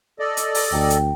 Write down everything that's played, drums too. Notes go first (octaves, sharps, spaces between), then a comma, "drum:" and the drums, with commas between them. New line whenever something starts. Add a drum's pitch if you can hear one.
A4 D5 D#5
drum: hi-hat
drum: open hi-hat
D2 G5 A#5
drum: hi-hat